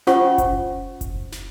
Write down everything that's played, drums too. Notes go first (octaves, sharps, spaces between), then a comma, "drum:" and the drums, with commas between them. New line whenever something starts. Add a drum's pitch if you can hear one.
C#4 F4 C5 F#5 C#6, drum: snare
drum: kick F#1, hi-hat
drum: kick F#1, hi-hat
drum: snare